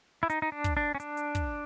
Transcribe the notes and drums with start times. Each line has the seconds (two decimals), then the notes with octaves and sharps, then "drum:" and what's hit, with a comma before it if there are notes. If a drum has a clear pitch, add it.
0.23 E4
0.30 D#4, drum: hi-hat
0.42 D#4
0.52 D4
0.64 drum: kick, hi-hat
0.77 D4
0.95 C#4
1.00 D4, drum: hi-hat
1.17 drum: hi-hat
1.35 drum: kick, hi-hat